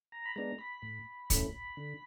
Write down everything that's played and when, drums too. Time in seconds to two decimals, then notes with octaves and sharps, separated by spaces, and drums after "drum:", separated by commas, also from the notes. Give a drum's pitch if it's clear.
0.12 A#5
0.26 B5
0.36 G#3 B3 D4 A#5
0.59 B5
0.82 A2
1.30 E3 A3 C#4, drum: kick, hi-hat
1.77 D3